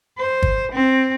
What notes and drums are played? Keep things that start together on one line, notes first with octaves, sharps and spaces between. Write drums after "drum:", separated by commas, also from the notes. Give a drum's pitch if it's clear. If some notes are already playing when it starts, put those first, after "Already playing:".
C5
drum: kick
C4